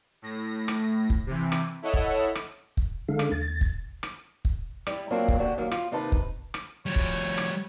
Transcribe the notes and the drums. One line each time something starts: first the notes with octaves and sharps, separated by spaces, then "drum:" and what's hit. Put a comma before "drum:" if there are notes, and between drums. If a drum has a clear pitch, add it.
A2 A#6
drum: rim click
drum: kick
C3 E3
drum: rim click
E4 A4 C#5 D#5 F#5 E6
drum: kick
drum: rim click
drum: kick
D3 G#3 D4 A4 F5
drum: rim click
D#2 A6
drum: kick
drum: rim click
drum: kick
G3 E4, drum: rim click
F#3 A#3 C4 D4 E4 F4
drum: kick
D3 D4 F#4 G4
D#2 F#3 A#3
F4, drum: rim click
D#2 C3 D#3 D#4 B4 A5
drum: kick
drum: rim click
F3 G3 C#5
drum: kick
drum: rim click